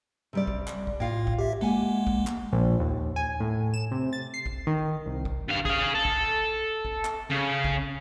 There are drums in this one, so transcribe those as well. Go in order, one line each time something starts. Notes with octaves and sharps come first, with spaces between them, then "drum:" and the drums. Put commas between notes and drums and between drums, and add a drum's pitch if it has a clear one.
C3 G3 D5
drum: kick A#1
drum: clap
drum: kick A#1
A2 F4 F5 G5
drum: kick A#1
G4 E5
G#3 A#3 F#5 G#5
drum: kick A#1
drum: clap
A#1
D#2
G#5
A2
E7
C3
A6
C7
drum: kick A#1
D#3
C2
drum: kick A#1
G2 F5
G#4 F5, drum: kick A#1
A4
drum: kick A#1
drum: kick A#1
drum: clap
C#3
drum: kick A#1